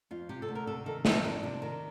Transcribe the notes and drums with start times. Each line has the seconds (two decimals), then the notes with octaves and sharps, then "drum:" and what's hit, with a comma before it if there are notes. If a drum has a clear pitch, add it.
0.11 F2 F4
0.29 C3 G4
0.42 A4
0.49 D2
0.55 A#4
0.67 C3 A4
0.86 D#3 A4
1.05 D#3 F4, drum: snare
1.24 F2 D4
1.43 C3
1.62 D#3